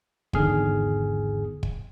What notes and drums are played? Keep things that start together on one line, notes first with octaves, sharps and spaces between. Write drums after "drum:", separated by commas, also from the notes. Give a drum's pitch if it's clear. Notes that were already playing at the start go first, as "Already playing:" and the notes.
G#1 E2 G#2 D3 G#4 F6, drum: kick
drum: kick